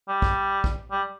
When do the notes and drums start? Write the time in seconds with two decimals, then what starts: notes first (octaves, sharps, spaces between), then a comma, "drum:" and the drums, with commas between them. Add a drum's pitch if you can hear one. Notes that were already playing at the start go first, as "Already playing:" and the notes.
0.09 G3
0.22 drum: kick A#1
0.64 drum: kick A#1
0.91 G3